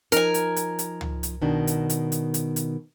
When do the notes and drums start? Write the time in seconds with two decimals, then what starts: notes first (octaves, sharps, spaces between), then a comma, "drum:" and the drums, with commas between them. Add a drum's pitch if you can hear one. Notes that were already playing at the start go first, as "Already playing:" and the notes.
0.12 F3 D#4 A#4 G#5, drum: hi-hat
0.34 drum: hi-hat
0.56 drum: hi-hat
0.79 drum: hi-hat
1.01 drum: tom
1.23 drum: hi-hat
1.42 B2 D#3 D4
1.67 drum: hi-hat
1.90 drum: hi-hat
2.12 drum: hi-hat
2.34 drum: hi-hat
2.56 drum: hi-hat